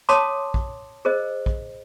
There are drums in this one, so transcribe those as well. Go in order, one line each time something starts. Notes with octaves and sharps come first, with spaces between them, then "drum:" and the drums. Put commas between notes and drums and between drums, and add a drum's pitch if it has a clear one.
C#5 F5 A5 C6 D6 D#6, drum: hi-hat
drum: kick
G#4 A#4 C5 D#5
drum: kick